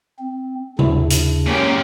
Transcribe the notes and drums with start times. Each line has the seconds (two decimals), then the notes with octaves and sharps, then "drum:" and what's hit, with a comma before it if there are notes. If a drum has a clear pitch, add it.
0.19 C4
0.79 D#2 C#3 D4 E4, drum: tom C3
1.10 drum: hi-hat
1.46 F#2 A#2 A#3 C#4 G4